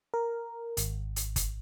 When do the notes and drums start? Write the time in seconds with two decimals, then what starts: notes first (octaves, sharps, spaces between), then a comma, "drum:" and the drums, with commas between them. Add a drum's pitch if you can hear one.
0.14 A#4
0.77 G#1, drum: hi-hat
1.16 drum: hi-hat
1.36 drum: kick F#1, hi-hat